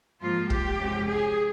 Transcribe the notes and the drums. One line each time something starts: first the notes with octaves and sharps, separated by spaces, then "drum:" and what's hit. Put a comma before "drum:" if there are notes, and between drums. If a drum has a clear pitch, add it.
G#2 F3 A#3 F4
G4, drum: kick
F2 C3 F3 G#3 C#4
G#4